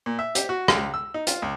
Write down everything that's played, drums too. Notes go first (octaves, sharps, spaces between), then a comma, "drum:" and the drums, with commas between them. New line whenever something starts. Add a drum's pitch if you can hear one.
A#2
E5
G4, drum: hi-hat
F#4
C#2, drum: rim click
E6
D#4
F4, drum: hi-hat
C#2